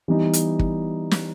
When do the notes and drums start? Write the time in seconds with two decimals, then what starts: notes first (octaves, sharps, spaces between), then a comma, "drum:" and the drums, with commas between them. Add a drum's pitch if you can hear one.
0.08 E3 G3 B3 D#4
0.33 drum: hi-hat
0.59 drum: kick
1.11 drum: snare